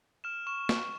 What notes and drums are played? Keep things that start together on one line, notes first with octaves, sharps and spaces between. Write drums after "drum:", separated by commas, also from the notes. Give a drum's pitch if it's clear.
F6 E7
C#6 E7
C#6, drum: snare